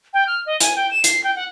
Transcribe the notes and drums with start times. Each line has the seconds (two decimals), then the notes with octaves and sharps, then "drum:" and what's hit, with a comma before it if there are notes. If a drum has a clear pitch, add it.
0.14 G5
0.27 F6
0.46 D#5
0.60 G#5, drum: hi-hat
0.76 G5
0.91 E7
1.04 C7, drum: hi-hat
1.24 G5
1.36 F#5